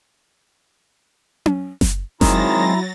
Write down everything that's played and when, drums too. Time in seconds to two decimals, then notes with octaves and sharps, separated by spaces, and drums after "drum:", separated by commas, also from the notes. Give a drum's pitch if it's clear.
1.46 drum: tom C#4
1.81 drum: snare F#1
2.21 D#3 F#3 G#3 C4 E4 A#5 A6 A#6, drum: snare F#1